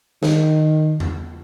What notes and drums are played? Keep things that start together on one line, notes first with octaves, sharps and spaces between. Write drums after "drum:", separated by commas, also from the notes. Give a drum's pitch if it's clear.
D#3, drum: snare G#4
drum: tom E2